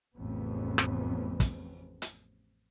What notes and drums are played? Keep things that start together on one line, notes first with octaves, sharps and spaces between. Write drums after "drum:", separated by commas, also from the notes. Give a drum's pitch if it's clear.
A1 F2 C#3 B3
drum: rim click
drum: kick, hi-hat
drum: hi-hat